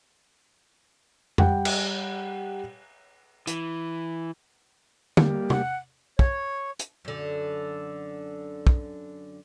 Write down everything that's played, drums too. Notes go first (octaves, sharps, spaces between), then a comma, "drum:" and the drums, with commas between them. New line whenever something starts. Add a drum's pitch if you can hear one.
G3 F#5 G5, drum: tom F2
drum: cymbal
E3, drum: hi-hat
G3 A#3 G4, drum: tom
F#5, drum: tom
C#5, drum: kick
drum: hi-hat
F#2 D3
drum: kick